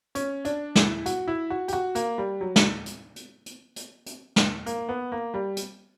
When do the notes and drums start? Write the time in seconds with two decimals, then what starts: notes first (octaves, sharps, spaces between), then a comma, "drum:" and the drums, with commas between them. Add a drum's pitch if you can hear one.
0.15 C#4, drum: hi-hat
0.45 D4, drum: hi-hat
0.75 E4, drum: snare
1.06 F#4, drum: hi-hat
1.28 E4
1.50 F#4
1.68 G4, drum: hi-hat
1.73 F#4
1.95 A#3, drum: hi-hat
2.18 G3
2.41 F#3
2.56 drum: snare
2.86 drum: hi-hat
3.16 drum: hi-hat
3.46 drum: hi-hat
3.76 drum: hi-hat
4.06 drum: hi-hat
4.36 drum: snare
4.66 A#3, drum: hi-hat
4.89 B3
5.12 A#3
5.34 G3
5.57 drum: hi-hat